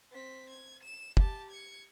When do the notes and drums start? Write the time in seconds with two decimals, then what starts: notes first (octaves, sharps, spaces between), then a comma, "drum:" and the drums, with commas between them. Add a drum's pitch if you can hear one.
0.12 C4 B6
0.50 G#6
0.83 E7
1.17 G4 A5, drum: kick
1.51 G#6 C#7